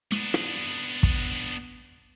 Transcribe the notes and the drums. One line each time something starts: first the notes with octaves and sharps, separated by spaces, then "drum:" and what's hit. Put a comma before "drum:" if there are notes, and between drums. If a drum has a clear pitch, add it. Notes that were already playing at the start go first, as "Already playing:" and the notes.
B3 D4, drum: snare
drum: rim click
drum: kick